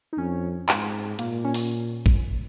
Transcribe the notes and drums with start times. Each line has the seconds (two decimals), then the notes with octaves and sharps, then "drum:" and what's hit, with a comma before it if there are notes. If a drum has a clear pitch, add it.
0.13 D#4
0.18 F2 C#4
0.69 G#2, drum: clap
1.19 A#2 A#3, drum: hi-hat
1.44 C#4
1.54 drum: open hi-hat
2.06 drum: kick G#1